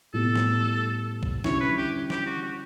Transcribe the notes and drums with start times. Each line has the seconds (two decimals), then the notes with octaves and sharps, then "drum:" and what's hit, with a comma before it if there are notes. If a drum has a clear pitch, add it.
0.14 A2 G3 B3 A4
0.35 drum: snare
1.23 drum: kick
1.44 D3 G3 C#4 E4 C#5, drum: snare
1.60 B4
1.78 G4
2.10 G4, drum: snare
2.26 F#4
2.42 F#4